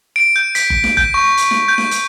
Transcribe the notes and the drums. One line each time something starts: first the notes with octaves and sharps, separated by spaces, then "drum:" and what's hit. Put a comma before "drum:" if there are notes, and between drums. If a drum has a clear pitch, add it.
D7
G6
B6, drum: hi-hat
drum: kick F#1
drum: snare
G6, drum: kick F#1
C#6
drum: hi-hat
drum: snare
G6
drum: snare
drum: hi-hat